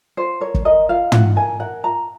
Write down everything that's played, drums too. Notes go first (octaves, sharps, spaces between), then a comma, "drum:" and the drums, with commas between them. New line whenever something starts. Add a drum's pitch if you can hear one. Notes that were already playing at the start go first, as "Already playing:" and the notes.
F4 C5
A#4 C#5
drum: kick
A#4 D#5
F4 F5
F4 F#5, drum: tom
A#4 G#5
A#4 F#5
F4 A#5